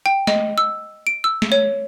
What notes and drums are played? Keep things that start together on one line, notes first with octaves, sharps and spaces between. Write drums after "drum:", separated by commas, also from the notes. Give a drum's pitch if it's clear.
G5
D#5, drum: snare
E6
D7
E6
drum: snare
C#5